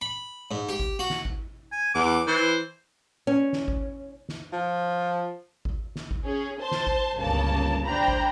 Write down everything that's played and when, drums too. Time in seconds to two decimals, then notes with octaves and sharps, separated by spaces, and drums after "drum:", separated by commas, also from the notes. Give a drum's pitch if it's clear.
0.01 B5
0.51 G#2
0.69 G4
0.80 drum: kick G#1
0.99 F#4
1.10 drum: snare
1.25 drum: kick G#1
1.72 G#5
1.95 E2 D6
2.27 E3 C5
3.27 C#4
3.53 drum: snare
3.68 drum: kick G#1
4.29 drum: snare
4.53 F3
5.65 drum: kick G#1
5.96 drum: snare
6.11 drum: kick G#1
6.25 C#4 G#4
6.60 C5 A5 C6
6.71 drum: snare
6.87 drum: kick G#1
7.17 G1 C#2 C#3 A#3 A5
7.84 D4 C5 G5 A#5 B5
8.08 drum: kick G#1